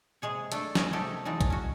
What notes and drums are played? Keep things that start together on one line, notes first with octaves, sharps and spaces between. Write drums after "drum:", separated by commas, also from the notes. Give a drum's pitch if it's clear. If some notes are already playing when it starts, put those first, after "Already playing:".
C3 G#3 G#4 C#5
A3 D4 A4, drum: hi-hat
B3 C#4 A#4, drum: snare
C3 A3 D#4 F#4 G4 A4
E3 F#3 G#3 D4 D#4
drum: kick, hi-hat
C#4 F#4